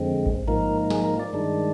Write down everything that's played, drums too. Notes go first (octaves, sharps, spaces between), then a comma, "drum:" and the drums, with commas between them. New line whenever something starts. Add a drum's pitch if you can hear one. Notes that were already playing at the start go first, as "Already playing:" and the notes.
Already playing: F2 D3 G#3 C4
drum: kick A1
G#2 F3 A#3 D#4 A#4
G#4, drum: snare
A#4
D5
G2 D#3 G#3 D4